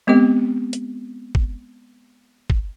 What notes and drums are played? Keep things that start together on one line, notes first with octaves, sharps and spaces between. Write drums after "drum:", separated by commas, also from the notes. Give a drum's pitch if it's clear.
G#3 B3 C4 G4 D#5
drum: hi-hat
drum: kick
drum: kick